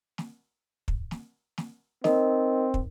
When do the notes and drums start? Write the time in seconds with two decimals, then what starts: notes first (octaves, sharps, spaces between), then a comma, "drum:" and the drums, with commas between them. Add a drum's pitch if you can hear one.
0.18 drum: snare
0.88 drum: kick
1.11 drum: snare
1.58 drum: snare
2.04 C4 D#4 A#4 D#5, drum: snare
2.74 drum: kick